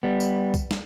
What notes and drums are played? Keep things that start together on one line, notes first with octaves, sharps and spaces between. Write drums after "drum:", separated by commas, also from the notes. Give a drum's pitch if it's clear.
G3 B3
drum: tambourine
drum: kick, tambourine
drum: snare